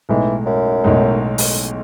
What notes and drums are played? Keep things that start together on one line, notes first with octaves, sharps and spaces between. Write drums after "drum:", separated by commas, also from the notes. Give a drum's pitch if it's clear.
B1 A2 E3 G#3 D#4
F#2
B1 A2 G#3 D#4
drum: open hi-hat